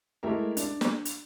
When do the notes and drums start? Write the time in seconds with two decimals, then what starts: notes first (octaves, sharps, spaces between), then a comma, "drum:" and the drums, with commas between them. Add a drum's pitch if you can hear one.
0.23 G#3 A3 E4 G4 A#4
0.57 D4, drum: hi-hat
0.81 drum: snare
1.05 drum: hi-hat